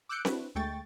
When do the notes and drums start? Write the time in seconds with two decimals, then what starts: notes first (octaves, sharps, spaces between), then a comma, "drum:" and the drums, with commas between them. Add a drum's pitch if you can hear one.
0.09 D6 E6 F#6 G6 C#7 D7
0.25 C4 D4 E4 F#4 B4, drum: snare C4
0.55 D2 G#3 A3 G5 C#6 A6